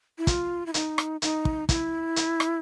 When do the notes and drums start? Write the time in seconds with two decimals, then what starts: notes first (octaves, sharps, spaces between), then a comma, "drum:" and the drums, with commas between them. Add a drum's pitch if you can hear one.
0.18 E4
0.27 F4, drum: kick, hi-hat
0.66 E4
0.74 D#4, drum: hi-hat
0.98 drum: rim click
1.22 D#4, drum: hi-hat
1.45 drum: kick
1.69 E4, drum: kick, hi-hat
2.16 drum: hi-hat
2.40 drum: rim click